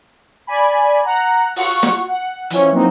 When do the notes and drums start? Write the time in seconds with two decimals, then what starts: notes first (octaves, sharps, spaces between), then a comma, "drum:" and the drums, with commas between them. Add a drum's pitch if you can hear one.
0.47 D5 G#5 B5
1.04 F#5 A#5
1.56 F4 F#4 F#5 C#6, drum: open hi-hat
1.83 drum: snare
2.08 F#5
2.50 E3 F3 C#4, drum: hi-hat
2.70 E3 F#3 A#3 C4 D#4